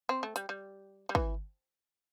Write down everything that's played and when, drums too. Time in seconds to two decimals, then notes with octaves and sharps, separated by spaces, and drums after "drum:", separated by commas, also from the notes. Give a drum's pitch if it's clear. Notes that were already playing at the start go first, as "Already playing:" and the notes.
0.09 C4
0.23 A3
0.36 G3, drum: hi-hat
0.49 G3
1.09 G3
1.15 E3, drum: kick